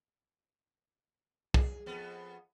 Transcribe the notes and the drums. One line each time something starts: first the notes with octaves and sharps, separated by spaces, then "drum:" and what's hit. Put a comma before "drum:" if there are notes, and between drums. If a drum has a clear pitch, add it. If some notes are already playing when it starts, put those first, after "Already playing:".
G#4, drum: kick
F2 B3